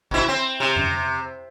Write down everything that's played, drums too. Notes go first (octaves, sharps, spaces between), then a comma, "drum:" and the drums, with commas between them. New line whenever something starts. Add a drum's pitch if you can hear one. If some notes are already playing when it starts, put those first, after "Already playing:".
B2 E4, drum: kick
C4
C3
drum: tom F2